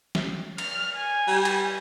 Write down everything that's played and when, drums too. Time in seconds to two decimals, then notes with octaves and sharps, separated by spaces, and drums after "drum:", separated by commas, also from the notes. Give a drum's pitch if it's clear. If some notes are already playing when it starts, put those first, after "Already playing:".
0.15 drum: snare
0.58 F6, drum: cymbal
0.96 G#5
1.27 G3
1.45 drum: cymbal